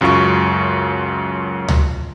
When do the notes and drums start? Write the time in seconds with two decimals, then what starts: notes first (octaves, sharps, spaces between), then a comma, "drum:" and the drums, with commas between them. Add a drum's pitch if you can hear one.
0.01 C#2 F#2 F#3 F4 C#6
1.68 drum: tom C#2